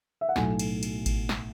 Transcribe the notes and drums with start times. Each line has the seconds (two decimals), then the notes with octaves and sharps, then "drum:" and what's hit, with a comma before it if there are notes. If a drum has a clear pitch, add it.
0.21 E5
0.29 F#5
0.36 B1 A2 F#3 A3 G#5, drum: snare
0.59 drum: cymbal
0.83 drum: cymbal
1.06 drum: kick G#1, cymbal
1.29 drum: snare